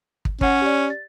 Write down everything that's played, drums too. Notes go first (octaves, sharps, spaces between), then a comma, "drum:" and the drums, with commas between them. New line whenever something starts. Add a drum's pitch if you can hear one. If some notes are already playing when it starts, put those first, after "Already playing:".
drum: kick
C#4 C#5 F#5, drum: kick
G4 D5
A6